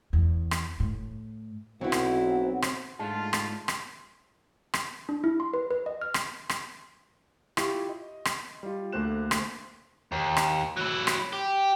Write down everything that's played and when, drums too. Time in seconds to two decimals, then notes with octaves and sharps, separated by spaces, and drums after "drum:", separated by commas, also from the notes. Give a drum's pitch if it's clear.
0.13 E2
0.51 drum: rim click
0.80 A2
1.81 B1 F#3 C4 E4 F#5
1.92 drum: rim click
2.62 drum: rim click
2.99 G#2 G#3 A3 D4 F4 A5
3.33 drum: rim click
3.68 drum: rim click
4.74 drum: rim click
5.09 D4
5.24 E4
5.40 C6
5.54 B4
5.71 B4
5.86 D#5
6.02 F6
6.14 drum: rim click
6.49 drum: rim click
7.57 E4 F4 G4 C#6, drum: rim click
7.89 D#5
8.25 drum: rim click
8.63 G3 F4
8.93 D2 A3 A#3 C5 F#6 E7
9.31 drum: rim click
10.12 D#2
10.37 drum: rim click
10.77 F#3 E4
11.07 drum: rim click
11.33 G4